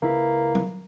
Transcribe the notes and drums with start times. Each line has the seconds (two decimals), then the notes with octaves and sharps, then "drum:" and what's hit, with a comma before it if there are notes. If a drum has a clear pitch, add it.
0.02 C#2 A#3 E4 B4
0.55 drum: tom F#3